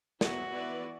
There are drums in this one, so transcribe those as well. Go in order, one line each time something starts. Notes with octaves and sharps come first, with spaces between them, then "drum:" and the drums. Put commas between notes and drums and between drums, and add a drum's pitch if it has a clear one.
F#3 B3 E4 F#4, drum: snare
E3 B3 E4 B4 D5